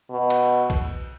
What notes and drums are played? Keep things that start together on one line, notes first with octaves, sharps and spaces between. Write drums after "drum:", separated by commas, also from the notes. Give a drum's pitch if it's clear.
B2
drum: cymbal
drum: kick B1, cymbal